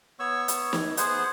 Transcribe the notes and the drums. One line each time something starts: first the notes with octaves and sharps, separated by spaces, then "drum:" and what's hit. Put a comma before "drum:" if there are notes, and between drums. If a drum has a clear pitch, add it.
B3 C#5 C#6 E6
drum: hi-hat
drum: snare
B3 G#4 C5 F#5, drum: hi-hat